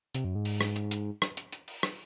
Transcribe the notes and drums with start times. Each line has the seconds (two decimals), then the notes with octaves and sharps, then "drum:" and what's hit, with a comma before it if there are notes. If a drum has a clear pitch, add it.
0.15 C3, drum: hi-hat
0.24 F#2
0.35 G#2
0.45 drum: open hi-hat
0.61 drum: rim click
0.76 drum: hi-hat
0.91 drum: hi-hat
1.22 drum: rim click
1.37 drum: hi-hat
1.53 drum: hi-hat
1.68 drum: open hi-hat
1.83 drum: rim click